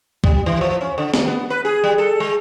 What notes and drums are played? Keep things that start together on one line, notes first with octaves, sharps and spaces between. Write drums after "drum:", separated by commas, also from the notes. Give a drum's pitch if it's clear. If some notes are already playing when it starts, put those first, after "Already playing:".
G3, drum: kick
E3
F3
C#4
D3
D#2, drum: snare
B3
B4
G#4
G3
A4
G#3